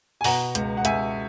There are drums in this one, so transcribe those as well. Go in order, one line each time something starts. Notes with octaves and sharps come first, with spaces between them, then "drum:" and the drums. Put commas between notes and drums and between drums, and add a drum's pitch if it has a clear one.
G#5
B2 F#5 A#5, drum: open hi-hat
C#2, drum: hi-hat
F#5
C#2 E5 G#5, drum: hi-hat